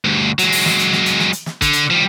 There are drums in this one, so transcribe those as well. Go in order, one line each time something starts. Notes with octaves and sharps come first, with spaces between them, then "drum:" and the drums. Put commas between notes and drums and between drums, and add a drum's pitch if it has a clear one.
D2 G2
F#3 G#3, drum: hi-hat
drum: open hi-hat
drum: snare
drum: hi-hat
drum: snare
drum: hi-hat
drum: snare
drum: hi-hat
drum: snare
D3, drum: kick, hi-hat
drum: hi-hat
F3 G3